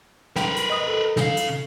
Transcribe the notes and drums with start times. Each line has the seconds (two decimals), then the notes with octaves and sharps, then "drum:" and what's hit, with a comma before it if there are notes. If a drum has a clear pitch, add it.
0.36 A#4 B4 G5, drum: snare
0.56 drum: hi-hat
0.70 D#5 D#6
0.88 A4
1.17 C#3 F5, drum: snare
1.37 drum: hi-hat